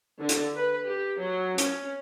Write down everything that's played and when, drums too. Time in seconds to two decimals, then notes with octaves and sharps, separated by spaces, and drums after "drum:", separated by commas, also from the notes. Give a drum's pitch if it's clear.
0.20 D3
0.29 drum: hi-hat
0.56 B4
0.88 G4
1.20 F#3
1.58 C#4, drum: hi-hat